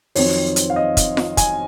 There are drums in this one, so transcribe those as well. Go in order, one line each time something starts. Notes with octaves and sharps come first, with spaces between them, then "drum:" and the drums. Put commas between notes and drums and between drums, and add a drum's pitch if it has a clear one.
F2 D#3 F#3 C4 C#5, drum: open hi-hat
drum: hi-hat
F5
D#5
drum: kick, hi-hat
drum: snare F4
G#5, drum: kick, hi-hat